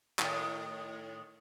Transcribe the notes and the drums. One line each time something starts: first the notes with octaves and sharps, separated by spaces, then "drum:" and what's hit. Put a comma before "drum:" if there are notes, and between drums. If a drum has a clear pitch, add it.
A2 D#3, drum: clap